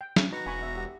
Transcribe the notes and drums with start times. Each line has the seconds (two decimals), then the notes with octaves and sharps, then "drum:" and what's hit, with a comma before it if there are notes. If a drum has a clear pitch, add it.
0.01 G5
0.16 drum: snare
0.32 D#4 F#4 B4 A#5 C#6
0.46 E1 G#5 B5 C#6
0.62 E5
0.76 G4 F#5